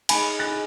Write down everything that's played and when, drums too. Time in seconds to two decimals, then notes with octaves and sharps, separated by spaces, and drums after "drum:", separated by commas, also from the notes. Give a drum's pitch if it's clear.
0.09 D#4 G#4 D#5 G#5 B5, drum: cymbal
0.39 F#6 A6